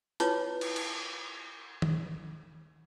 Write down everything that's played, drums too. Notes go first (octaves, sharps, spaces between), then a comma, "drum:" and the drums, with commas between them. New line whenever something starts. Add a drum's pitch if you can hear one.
E4 F4 B4 C#5 A5 D6, drum: hi-hat
drum: cymbal
drum: cymbal
drum: tom